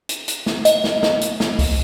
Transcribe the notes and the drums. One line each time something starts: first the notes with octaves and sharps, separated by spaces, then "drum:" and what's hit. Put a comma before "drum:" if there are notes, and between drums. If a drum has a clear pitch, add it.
drum: hi-hat
drum: hi-hat
drum: snare
D#5, drum: hi-hat
drum: snare
drum: snare
drum: hi-hat
drum: snare
drum: kick C#2, open hi-hat